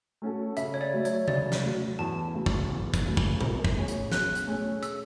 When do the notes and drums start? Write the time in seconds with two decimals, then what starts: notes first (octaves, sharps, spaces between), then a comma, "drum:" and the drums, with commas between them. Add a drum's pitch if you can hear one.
0.22 A3 C#4 F#4 A4
0.57 C#3 E5, drum: hi-hat
0.74 C#5
0.81 D5
0.93 F#3 A3
1.05 C#5, drum: hi-hat
1.28 C#3 D5, drum: tom C3
1.52 drum: snare
1.63 F#3 A3
1.99 E2 A5
2.34 C#3 F#3 A3
2.46 drum: kick
2.70 E2
2.94 drum: kick, hi-hat
3.06 C#3 F#3 A3
3.17 drum: kick
3.41 B2, drum: tom A2
3.65 drum: kick
3.76 A3 C#4 G#4 C#5
3.88 drum: hi-hat
4.12 B2 F#6, drum: snare
4.35 drum: hi-hat
4.47 A3 C#4 G#4 C#5
4.83 E6, drum: hi-hat